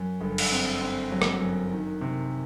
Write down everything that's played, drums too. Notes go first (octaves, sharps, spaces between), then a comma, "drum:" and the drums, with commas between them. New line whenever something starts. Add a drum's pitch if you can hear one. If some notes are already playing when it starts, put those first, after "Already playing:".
Already playing: F#2
G1
drum: cymbal
C4
C4
F#3
drum: rim click
F#2
D#3
C3